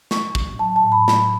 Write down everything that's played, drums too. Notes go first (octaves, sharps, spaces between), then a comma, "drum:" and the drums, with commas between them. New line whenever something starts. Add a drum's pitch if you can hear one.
F#3 C#6, drum: snare
A2, drum: kick
F#3 A5
A5
A2
B5
F#3 B5, drum: snare